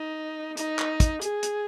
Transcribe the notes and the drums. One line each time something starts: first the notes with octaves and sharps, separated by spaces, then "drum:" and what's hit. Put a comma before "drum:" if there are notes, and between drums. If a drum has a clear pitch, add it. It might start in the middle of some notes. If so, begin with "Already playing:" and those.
Already playing: D#4
D#4, drum: hi-hat
drum: clap
drum: kick, hi-hat
G#4, drum: hi-hat
drum: hi-hat